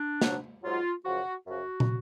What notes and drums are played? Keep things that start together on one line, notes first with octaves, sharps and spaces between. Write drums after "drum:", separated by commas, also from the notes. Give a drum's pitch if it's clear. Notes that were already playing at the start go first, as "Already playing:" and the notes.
Already playing: D4
G#2 F#3, drum: snare
G#2 F#3 F4
F#2 C#3 F3 F#4
F#2 C#3 F3 F#4
drum: tom